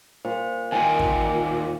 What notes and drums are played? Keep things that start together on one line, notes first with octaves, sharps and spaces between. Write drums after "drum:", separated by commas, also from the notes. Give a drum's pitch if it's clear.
A#2 C5
D#2 A#2 G5 G#5
drum: kick